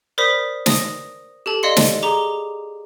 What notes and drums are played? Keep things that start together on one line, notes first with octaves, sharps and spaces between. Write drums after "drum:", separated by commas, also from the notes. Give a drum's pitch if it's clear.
A#4 C5 D5 B5 D#6 B6
D#6 A#6, drum: snare
G4 A4 A5
D5 D#5 F5 C6 C#7
drum: snare
G#4 A#5 D6 G7